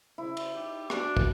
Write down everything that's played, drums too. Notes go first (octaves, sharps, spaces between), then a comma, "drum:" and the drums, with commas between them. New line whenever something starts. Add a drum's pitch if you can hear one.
C#3 E4 C5
drum: cymbal
D#4 G4
D4 F#4, drum: rim click
drum: kick